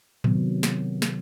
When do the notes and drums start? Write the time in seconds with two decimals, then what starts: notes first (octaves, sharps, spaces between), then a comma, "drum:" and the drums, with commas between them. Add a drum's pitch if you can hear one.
0.24 C3 D#3 F#3 B3, drum: tom A2
0.63 drum: snare
1.02 drum: snare